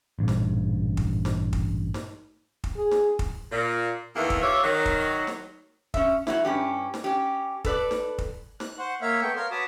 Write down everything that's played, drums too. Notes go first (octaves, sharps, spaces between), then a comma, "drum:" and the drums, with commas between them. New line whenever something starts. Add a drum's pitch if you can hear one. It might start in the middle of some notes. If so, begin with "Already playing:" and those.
A1 G2 A#2 G3
drum: snare
drum: kick
drum: snare
drum: kick
drum: snare
drum: kick
G#4
drum: snare
drum: kick
A#2
E2 D#3 E3 A3 A#3
drum: kick
F4 G4 C#5 E5
D#3 F#3
drum: kick
drum: snare
C#4 E5, drum: kick
F#3 A3 E4, drum: snare
G2 C#4 G4
drum: snare
C#4 G4
A4 B4 D5, drum: kick
drum: snare
drum: kick
F#6, drum: snare
C5 F#5 C#6
A#3 C#5 E5 F5
A3 B3 G5 C#6
A#4 C#5 F5 C6
F#4 B4 C#5 A5 D6 D#6